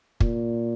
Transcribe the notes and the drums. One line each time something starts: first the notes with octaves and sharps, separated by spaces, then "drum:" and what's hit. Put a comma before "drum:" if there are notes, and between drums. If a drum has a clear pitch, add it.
A#2, drum: kick